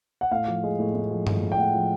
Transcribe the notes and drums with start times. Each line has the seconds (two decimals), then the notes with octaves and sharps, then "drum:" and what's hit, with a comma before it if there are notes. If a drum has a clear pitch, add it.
0.21 F#5
0.31 A2 F5
0.48 F3
0.63 G#3
0.79 A2
0.94 A2
1.11 F3
1.27 G#3, drum: tom G2
1.42 A2
1.52 G5
1.58 A2 F#5
1.74 F3